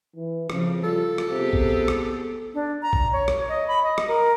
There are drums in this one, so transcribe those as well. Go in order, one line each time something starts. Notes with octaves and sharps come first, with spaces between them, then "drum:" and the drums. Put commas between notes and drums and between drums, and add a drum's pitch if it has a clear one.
E3
F2 C#3 F3, drum: rim click
G3 F4 A4
drum: rim click
C3 B3 G4 G#4
drum: kick A#1
drum: rim click
D4
A#5
drum: kick A#1
C#5
drum: rim click
D#5
B5
D#5
drum: rim click
A#4